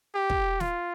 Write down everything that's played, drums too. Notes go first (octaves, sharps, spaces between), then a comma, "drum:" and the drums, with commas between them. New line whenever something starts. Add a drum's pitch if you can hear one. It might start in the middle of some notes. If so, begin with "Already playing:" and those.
G4
drum: kick
F4, drum: snare